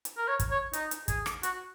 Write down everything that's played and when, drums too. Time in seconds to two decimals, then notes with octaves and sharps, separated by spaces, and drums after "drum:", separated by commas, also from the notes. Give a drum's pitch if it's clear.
0.05 drum: hi-hat
0.17 A#4
0.28 C#5
0.40 drum: kick, hi-hat
0.51 C#5
0.73 D#4, drum: hi-hat
0.91 drum: hi-hat
1.08 G#4, drum: kick, hi-hat
1.26 drum: rim click
1.43 F#4, drum: hi-hat